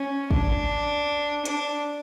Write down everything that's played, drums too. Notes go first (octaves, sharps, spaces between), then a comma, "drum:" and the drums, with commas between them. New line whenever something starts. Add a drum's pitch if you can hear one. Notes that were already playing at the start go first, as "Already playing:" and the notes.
Already playing: C#4
D4, drum: kick
D4, drum: hi-hat